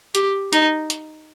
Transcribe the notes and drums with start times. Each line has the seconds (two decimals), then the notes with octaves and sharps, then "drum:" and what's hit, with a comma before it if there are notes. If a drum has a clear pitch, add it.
0.15 G4, drum: hi-hat
0.53 D#4, drum: hi-hat
0.90 drum: hi-hat